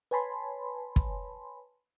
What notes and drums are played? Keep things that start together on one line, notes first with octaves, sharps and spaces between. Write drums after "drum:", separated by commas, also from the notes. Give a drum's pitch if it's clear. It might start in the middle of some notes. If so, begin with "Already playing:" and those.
B4 C#5 G#5 A5 B5 C6
drum: kick